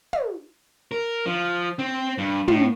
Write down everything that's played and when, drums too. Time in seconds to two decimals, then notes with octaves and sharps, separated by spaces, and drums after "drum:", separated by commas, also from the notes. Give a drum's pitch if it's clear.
0.13 drum: tom
0.92 A#4
1.26 F3
1.79 C4
2.18 G2
2.48 A2, drum: tom